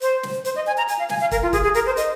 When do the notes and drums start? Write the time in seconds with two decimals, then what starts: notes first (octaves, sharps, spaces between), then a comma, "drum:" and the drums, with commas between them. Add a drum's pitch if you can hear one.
0.02 C5, drum: hi-hat
0.23 drum: snare
0.45 C5, drum: hi-hat
0.56 D#5
0.67 G#5
0.78 A#5
0.89 G#5, drum: hi-hat
0.99 F5
1.09 G#5, drum: snare
1.21 F5
1.31 A#4, drum: kick, hi-hat
1.43 F4
1.53 G#4, drum: kick, hi-hat
1.64 G#4
1.75 A#4, drum: hi-hat
1.86 C5
1.97 D#5, drum: hi-hat